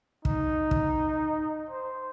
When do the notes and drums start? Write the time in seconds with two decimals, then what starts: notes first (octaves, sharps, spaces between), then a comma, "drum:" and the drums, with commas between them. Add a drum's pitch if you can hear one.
0.25 D#4, drum: kick
0.71 drum: kick
1.71 C5